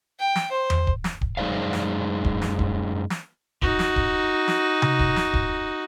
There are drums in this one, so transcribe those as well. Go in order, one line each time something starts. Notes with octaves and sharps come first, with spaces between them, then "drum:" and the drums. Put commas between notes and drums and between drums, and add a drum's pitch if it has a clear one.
G5
drum: snare
C5
drum: tom E2
drum: kick
drum: snare
drum: kick
F#2 G#3 D#4 C5 D5 F5
drum: snare
drum: kick
drum: snare
drum: kick
drum: snare
D#4 F#4, drum: kick
drum: snare
drum: kick
drum: snare
drum: tom C3
drum: kick
drum: snare
drum: kick